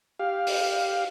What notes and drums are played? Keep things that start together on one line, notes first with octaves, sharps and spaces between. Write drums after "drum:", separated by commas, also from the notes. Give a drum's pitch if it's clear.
G4 F5
drum: open hi-hat